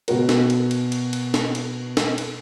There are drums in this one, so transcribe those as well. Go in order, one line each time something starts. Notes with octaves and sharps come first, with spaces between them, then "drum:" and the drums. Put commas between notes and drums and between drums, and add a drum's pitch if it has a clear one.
B2 F#4 A#4, drum: cymbal
drum: snare
drum: cymbal
drum: cymbal
drum: cymbal
drum: cymbal
drum: snare
drum: cymbal
drum: snare
drum: cymbal